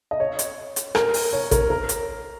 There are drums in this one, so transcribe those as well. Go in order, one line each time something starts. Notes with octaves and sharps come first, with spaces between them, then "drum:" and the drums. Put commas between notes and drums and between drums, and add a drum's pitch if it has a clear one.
D#5
C#5
drum: hi-hat
drum: hi-hat
A#4, drum: rim click
drum: open hi-hat
C#5
A#4, drum: kick A1, hi-hat
A#4
drum: hi-hat